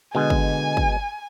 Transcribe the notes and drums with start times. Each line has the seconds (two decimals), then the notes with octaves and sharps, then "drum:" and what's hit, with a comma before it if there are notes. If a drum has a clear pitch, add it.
0.15 B2 D3 G#3 G#5
0.30 drum: kick
0.77 drum: kick